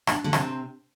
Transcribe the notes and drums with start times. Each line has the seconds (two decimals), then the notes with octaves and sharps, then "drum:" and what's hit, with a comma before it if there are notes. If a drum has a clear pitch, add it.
0.07 D4, drum: rim click
0.24 D3 D4
0.33 C3 C4, drum: rim click